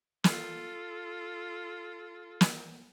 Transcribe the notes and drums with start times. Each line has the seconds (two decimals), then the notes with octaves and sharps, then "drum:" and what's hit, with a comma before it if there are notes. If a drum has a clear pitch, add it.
0.24 F4 A4, drum: snare
2.41 drum: snare